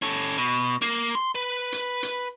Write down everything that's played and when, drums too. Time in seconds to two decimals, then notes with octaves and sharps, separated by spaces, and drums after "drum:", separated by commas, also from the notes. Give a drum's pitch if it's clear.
0.02 C#4 A4
0.38 B2
0.82 A#3, drum: hi-hat
1.15 C6
1.35 B4
1.72 drum: hi-hat
2.03 drum: hi-hat